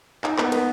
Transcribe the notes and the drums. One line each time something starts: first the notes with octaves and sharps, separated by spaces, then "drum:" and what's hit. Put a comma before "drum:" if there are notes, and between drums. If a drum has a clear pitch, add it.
D#4, drum: clap
B3, drum: clap
B3, drum: cymbal